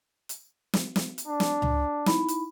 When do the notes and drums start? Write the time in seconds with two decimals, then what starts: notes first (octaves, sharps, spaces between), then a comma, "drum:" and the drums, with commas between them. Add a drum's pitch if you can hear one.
0.29 drum: hi-hat
0.73 drum: snare
0.96 drum: snare
1.18 drum: hi-hat
1.28 D4
1.40 drum: snare
1.62 drum: tom C#2
2.06 D#4 E4 B5, drum: snare
2.28 drum: hi-hat